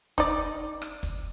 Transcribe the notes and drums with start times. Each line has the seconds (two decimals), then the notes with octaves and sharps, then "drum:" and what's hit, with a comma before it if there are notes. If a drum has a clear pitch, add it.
0.18 D#4 D5, drum: kick, hi-hat
0.82 drum: rim click
1.03 drum: kick, hi-hat